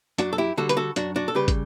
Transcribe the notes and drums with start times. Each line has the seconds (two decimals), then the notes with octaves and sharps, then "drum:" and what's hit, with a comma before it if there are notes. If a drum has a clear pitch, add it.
0.18 F#2 D4 F#4, drum: hi-hat
0.33 A4
0.38 E4 G4
0.57 D3 G3 F#4 A4
0.69 B4, drum: hi-hat
0.77 F#4 A4
0.96 F#2 D4 F#4, drum: hi-hat
1.16 D4 F#4
1.28 A4
1.35 C#3 G3 G4 B4
1.48 drum: kick, hi-hat